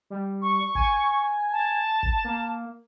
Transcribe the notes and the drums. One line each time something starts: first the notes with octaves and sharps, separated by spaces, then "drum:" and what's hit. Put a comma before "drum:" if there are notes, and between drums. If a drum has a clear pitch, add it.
G3
C#6
G#5, drum: kick
A5
drum: kick
A#3